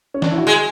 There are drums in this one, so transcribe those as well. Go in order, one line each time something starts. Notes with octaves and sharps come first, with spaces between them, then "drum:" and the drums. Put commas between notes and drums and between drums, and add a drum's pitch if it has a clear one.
C#4
D4, drum: snare
E4
F#4
G#3 G#4